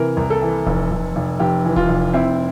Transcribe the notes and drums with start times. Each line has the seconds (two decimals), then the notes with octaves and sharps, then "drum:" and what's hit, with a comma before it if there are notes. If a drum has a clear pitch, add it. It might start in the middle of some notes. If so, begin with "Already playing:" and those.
Already playing: C3 E3 A#4
0.17 C2
0.30 A4
0.42 E3
0.66 F1, drum: kick D1
0.91 F1
1.16 F1
1.40 F1 G4
1.65 E3
1.76 F4, drum: kick D1
1.89 F1
2.13 C4 E4